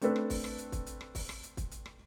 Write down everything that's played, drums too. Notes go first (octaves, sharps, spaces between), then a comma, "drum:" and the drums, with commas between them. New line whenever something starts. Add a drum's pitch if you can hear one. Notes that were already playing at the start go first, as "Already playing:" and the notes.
A3 C4 D4 A4 B4, drum: hi-hat
drum: rim click
drum: kick, open hi-hat
drum: rim click
drum: hi-hat
drum: kick, hi-hat
drum: hi-hat
drum: rim click
drum: kick, open hi-hat
drum: rim click
drum: hi-hat
drum: kick, hi-hat
drum: hi-hat
drum: rim click